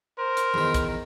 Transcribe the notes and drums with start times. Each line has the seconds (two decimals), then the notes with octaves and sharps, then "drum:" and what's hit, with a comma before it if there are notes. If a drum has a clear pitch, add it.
0.18 A#4 C5
0.37 drum: hi-hat
0.54 E2 D#3
0.74 drum: kick, hi-hat